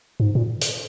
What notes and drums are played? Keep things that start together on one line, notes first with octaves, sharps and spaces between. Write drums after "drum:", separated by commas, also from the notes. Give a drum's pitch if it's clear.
G#2
A#2
drum: hi-hat